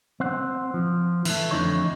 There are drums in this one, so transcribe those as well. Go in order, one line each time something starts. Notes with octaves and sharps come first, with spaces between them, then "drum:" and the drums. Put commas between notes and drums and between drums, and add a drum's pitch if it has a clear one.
C4 C5 F#5
F3
E3 A3, drum: cymbal
F2 D3 E3 D#4 C#5